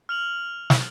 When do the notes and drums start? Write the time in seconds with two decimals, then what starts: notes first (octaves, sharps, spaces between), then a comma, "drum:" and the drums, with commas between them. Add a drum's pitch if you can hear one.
0.09 F6 F7 F#7
0.70 drum: snare